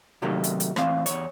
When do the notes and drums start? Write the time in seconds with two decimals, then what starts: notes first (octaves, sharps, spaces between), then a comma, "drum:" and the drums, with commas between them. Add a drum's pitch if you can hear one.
0.22 C3 D#3 F#3 A3 A#3 D#4
0.44 drum: hi-hat
0.60 drum: hi-hat
0.76 A2 E3 C4 F5, drum: rim click
1.06 E2 C#5, drum: hi-hat